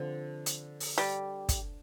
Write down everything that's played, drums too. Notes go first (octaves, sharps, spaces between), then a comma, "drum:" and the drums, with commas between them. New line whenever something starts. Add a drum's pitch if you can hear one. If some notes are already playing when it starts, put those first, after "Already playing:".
Already playing: D3 F3 C4
drum: hi-hat
drum: open hi-hat
G3
drum: kick, hi-hat